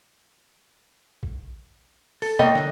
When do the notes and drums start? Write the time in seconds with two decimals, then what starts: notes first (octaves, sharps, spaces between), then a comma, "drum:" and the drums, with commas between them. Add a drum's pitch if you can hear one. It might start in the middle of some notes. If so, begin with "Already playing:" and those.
1.23 drum: kick A#1
2.22 A4, drum: open hi-hat
2.39 A#3 C#5 D#5 G5, drum: tom B2
2.55 D3, drum: snare